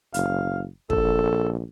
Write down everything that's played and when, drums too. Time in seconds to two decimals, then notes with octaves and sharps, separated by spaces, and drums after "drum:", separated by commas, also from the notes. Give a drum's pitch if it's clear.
0.14 F#1 F5, drum: hi-hat
0.90 A#1 A4, drum: kick